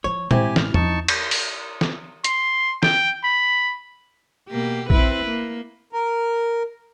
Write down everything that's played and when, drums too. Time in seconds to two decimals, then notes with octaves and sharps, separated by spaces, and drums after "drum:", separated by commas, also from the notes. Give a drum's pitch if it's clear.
0.04 F3 E4 C#5
0.31 A1 G#3 C4 E4 G4 G#5, drum: tom A#2
0.56 F6, drum: snare
0.74 F3 D#4 A5 C#6, drum: tom E2
1.08 drum: cymbal
1.31 drum: open hi-hat
1.81 drum: snare
2.24 C6, drum: hi-hat
2.83 G5, drum: snare
3.24 B5
4.49 B2 A#3 G4
4.90 C4 E4 B4, drum: kick A#1
5.26 A#3
5.93 A#4